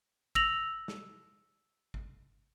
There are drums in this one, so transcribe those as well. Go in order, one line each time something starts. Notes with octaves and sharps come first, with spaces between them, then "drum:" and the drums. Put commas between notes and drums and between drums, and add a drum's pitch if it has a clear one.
E6 A#6 F7 F#7, drum: kick
drum: snare
drum: kick